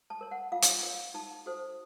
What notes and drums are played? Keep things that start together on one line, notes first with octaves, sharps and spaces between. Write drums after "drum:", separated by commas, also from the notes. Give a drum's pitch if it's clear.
A5
A#4 C#5
F#5
F4 F5
drum: hi-hat
A#4 C#5
D#4 A5
F#4 A4 C5